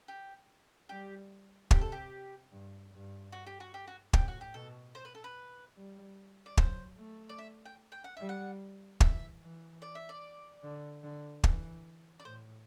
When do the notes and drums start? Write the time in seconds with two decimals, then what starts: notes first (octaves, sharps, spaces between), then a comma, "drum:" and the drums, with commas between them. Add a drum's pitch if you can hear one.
0.08 G4
0.89 G3 G4
1.71 C3 G4, drum: kick
1.81 A4
1.92 G4
2.52 G2
2.92 G2
3.32 F#4
3.46 G4
3.60 F#4
3.74 G4
3.87 F#4
4.13 A2 G4, drum: kick
4.28 F#4
4.41 G4
4.54 B2 A4
4.95 C5
5.05 B4
5.15 A4
5.24 B4
5.76 G3
6.46 D5
6.57 F#3 C5, drum: kick
6.98 A3
7.29 D5
7.38 E5
7.66 G5
7.92 G5
8.04 F#5
8.17 G3 E5
8.29 F#5
9.00 E3 E5, drum: kick
9.41 E3
9.82 D5
9.95 E5
10.09 D5
10.63 D3
11.03 D3
11.44 E3, drum: kick
12.20 D5
12.25 A2 C5